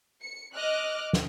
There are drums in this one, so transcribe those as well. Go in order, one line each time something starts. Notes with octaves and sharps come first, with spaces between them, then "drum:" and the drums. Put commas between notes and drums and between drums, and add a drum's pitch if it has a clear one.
C#7
D#5 D6 F6 F#6
drum: snare